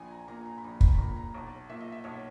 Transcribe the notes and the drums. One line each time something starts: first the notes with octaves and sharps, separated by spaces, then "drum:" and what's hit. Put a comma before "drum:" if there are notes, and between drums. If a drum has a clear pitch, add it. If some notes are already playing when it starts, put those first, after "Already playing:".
Already playing: A#1 G#5
A#5
A#2 A#5
A#5
B5
A#1 A#5
B5, drum: kick
B5
A#2 A#5
A#5
B1
A#2 E5
D#5
E5
B1 C#5